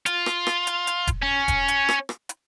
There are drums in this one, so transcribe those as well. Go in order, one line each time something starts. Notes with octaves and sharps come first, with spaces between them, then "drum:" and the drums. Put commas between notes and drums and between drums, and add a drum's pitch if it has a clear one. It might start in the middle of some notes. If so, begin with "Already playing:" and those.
F4, drum: hi-hat
drum: rim click
drum: rim click
drum: hi-hat
drum: hi-hat
drum: kick E1, hi-hat
C#4
drum: kick E1, hi-hat
drum: hi-hat
drum: rim click
drum: rim click
drum: hi-hat